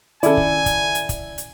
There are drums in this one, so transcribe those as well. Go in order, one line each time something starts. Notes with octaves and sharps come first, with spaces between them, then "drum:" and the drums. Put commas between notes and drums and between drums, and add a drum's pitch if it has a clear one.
D#3 C#4 E4 A4 D5 G#5, drum: hi-hat
drum: kick
drum: kick, hi-hat
drum: hi-hat
drum: kick, hi-hat
drum: hi-hat